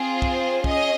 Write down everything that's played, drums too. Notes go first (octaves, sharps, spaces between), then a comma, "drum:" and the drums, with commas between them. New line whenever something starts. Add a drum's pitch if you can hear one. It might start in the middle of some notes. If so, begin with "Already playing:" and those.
Already playing: C4 F4 G#4
C5, drum: kick
C#4 G#4 D#5, drum: kick